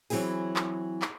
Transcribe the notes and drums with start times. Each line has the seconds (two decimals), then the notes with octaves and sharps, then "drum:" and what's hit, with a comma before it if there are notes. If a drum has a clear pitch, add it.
0.10 E3 F#3 C4 E4 G#4, drum: open hi-hat
0.56 drum: clap
1.02 drum: clap